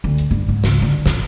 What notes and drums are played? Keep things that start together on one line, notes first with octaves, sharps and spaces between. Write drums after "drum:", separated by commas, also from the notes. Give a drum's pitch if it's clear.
D2
drum: hi-hat
G2
G#2
C#2, drum: snare
D3
A2, drum: snare